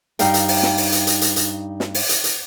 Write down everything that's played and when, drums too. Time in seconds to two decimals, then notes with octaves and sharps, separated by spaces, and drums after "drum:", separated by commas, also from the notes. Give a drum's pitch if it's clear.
0.19 G2 G3 D#4 F5 G5, drum: hi-hat
0.34 drum: hi-hat
0.48 drum: open hi-hat
0.63 drum: snare
0.78 drum: open hi-hat
0.92 drum: hi-hat
1.07 drum: hi-hat
1.21 drum: hi-hat
1.36 drum: hi-hat
1.80 drum: snare
1.94 drum: open hi-hat
2.09 drum: hi-hat
2.24 drum: hi-hat